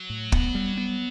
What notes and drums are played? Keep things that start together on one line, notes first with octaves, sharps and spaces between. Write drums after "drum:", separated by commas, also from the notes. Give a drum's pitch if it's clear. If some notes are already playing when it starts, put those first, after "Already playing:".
Already playing: F#3
A2
B3, drum: kick
G3
B3